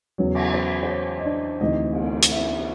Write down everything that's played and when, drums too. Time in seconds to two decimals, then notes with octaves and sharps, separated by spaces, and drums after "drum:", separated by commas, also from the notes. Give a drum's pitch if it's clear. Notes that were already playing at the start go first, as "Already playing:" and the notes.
0.18 E2 C#3 F#3 C#5
0.34 drum: cymbal
0.54 C5
0.83 C5
0.90 C#5
1.18 D#5
1.25 D4 D5
1.61 D2 C3 E3 D#4 D#5
1.92 drum: cymbal
2.22 drum: hi-hat
2.32 E4 E5